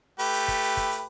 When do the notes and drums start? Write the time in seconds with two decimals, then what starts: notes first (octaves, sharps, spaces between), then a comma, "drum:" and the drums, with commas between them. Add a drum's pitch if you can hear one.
0.19 A3 G4 B4, drum: hi-hat
0.34 drum: hi-hat
0.48 drum: kick, hi-hat
0.63 drum: hi-hat
0.77 drum: kick, hi-hat
0.92 drum: hi-hat